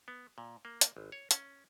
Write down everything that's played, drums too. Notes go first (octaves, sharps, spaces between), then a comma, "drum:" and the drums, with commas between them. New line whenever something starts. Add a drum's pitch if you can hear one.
B3
A#2
A#3
drum: hi-hat
G#1
C#5
C#4, drum: hi-hat